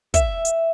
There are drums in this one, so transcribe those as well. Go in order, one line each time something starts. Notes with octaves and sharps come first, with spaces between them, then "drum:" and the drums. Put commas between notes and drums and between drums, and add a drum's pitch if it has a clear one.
E5, drum: kick, hi-hat
drum: hi-hat